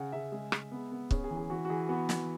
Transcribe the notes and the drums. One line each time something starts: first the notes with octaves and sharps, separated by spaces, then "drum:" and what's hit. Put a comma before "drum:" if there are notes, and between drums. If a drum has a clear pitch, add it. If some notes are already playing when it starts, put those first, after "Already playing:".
Already playing: C#3 F#5
C#3 E5
G#3
G#3, drum: rim click
B3
B3
C#4 G#4, drum: kick C#1
G#4
E3
G#4
E3 F#4
F#4
E3 G#4
B3 F#4
B3, drum: snare